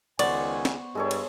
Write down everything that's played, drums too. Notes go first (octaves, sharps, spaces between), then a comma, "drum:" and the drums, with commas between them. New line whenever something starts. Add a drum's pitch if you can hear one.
C#2 D#3 B3 C5 D5 G#5 C#6, drum: cymbal
drum: snare
G2 G#3 A4 C#5
drum: cymbal